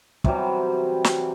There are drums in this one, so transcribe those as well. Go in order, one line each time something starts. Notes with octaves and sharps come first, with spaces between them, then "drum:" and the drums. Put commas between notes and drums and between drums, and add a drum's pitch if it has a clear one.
C3 E3 F#3 G3, drum: kick
drum: snare